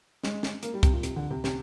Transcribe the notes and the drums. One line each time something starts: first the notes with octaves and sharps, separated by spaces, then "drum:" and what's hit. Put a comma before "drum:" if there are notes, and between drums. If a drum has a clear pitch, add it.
G#3, drum: snare
drum: snare
A#3, drum: hi-hat
G3
C3, drum: kick C2, hi-hat
A#2
C3, drum: hi-hat
D3
C3
C3, drum: snare